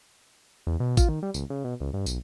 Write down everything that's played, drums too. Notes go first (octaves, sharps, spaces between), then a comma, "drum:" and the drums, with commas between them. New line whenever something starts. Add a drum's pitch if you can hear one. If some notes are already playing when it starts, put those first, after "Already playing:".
E2
B2
F4, drum: kick A1, tambourine
D#3
G3
C#2, drum: tambourine
C#3
B2
C#2
G2
B1, drum: tambourine